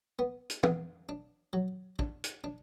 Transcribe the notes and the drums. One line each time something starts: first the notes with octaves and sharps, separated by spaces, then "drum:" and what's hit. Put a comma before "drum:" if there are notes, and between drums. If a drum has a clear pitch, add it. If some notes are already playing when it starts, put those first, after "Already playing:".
B3
drum: hi-hat
B3, drum: tom
D4
F#3
D4, drum: kick
drum: hi-hat
D4